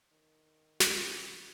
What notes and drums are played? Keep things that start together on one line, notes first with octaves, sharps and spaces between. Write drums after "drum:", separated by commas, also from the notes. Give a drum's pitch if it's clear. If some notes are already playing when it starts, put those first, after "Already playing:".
D#3
A1 E3 A#3 C4 C#4, drum: snare